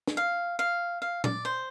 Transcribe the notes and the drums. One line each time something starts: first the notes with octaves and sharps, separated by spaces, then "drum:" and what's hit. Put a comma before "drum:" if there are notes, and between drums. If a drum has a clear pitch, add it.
drum: snare
F5
F5
F5
D5, drum: tom
C5